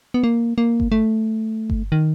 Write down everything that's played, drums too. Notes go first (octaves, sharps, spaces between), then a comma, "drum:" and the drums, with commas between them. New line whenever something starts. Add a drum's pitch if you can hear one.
B3
A#3
A#3
drum: kick G1
A3
drum: kick G1
D#3